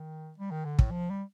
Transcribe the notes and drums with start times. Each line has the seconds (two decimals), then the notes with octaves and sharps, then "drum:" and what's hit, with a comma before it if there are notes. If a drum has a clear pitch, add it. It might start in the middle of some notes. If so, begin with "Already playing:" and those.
Already playing: D#3
0.38 G3
0.51 D#3
0.65 D3
0.79 A2, drum: kick
0.91 F3
1.10 G3